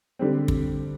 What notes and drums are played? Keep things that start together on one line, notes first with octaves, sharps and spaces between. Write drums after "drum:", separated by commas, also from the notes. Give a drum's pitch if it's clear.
D3 G3 C4
drum: kick